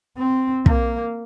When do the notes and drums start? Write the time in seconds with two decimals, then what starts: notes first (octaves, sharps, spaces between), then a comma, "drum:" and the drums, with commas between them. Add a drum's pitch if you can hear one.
0.17 C4
0.66 A#3, drum: kick